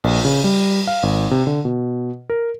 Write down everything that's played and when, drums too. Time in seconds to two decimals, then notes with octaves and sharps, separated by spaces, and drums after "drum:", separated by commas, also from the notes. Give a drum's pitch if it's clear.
0.04 A#1, drum: cymbal
0.25 C#3
0.44 G3
0.87 F5
1.03 G#1
1.31 C3
1.47 D3
1.65 B2
2.30 A#4